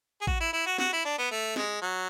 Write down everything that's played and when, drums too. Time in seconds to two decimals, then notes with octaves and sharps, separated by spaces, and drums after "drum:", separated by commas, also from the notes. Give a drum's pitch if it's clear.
0.21 G#4
0.27 F#4, drum: kick A1
0.40 E4
0.53 E4
0.66 F#4
0.78 F#4, drum: snare
0.93 E4
1.05 D4
1.18 B3
1.31 A3
1.56 G#3, drum: snare
1.82 F#3